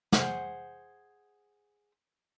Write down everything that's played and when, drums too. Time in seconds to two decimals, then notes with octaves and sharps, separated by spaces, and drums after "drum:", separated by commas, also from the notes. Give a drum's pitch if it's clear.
0.12 G#4 C5 F#5, drum: snare